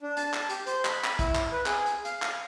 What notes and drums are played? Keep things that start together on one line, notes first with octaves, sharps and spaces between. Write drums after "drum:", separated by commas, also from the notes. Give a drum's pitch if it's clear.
D4
A5, drum: hi-hat
A5, drum: clap
G4, drum: hi-hat
C5, drum: hi-hat
B5, drum: clap
B5, drum: clap
E4, drum: kick, hi-hat
drum: clap
B4
G#4, drum: clap
drum: hi-hat
F5, drum: hi-hat
F5, drum: clap